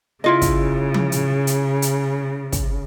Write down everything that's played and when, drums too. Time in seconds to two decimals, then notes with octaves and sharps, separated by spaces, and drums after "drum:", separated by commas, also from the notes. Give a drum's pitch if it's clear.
0.24 C#3 E4 F4 D#5
0.42 drum: kick, hi-hat
0.94 drum: tom F3
1.12 drum: hi-hat
1.47 drum: hi-hat
1.82 drum: hi-hat
2.52 drum: kick, hi-hat